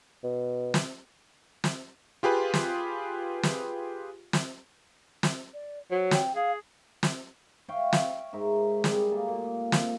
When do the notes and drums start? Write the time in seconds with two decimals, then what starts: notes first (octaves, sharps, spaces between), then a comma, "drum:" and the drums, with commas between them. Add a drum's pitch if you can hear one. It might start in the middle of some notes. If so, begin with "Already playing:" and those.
0.23 B2
0.74 drum: snare
1.64 drum: snare
2.23 F4 G4 G#4 B4
2.54 drum: snare
3.43 drum: snare
4.33 drum: snare
5.23 drum: snare
5.54 D5
5.91 F#3 C5
6.11 G5, drum: snare
6.35 G#4 F5
7.03 drum: snare
7.69 C#5 E5 F5 G5
7.93 drum: snare
8.33 G#2 A#4 E5
8.84 G3 G#4, drum: snare
9.12 A#3 A4
9.28 A#2
9.72 drum: snare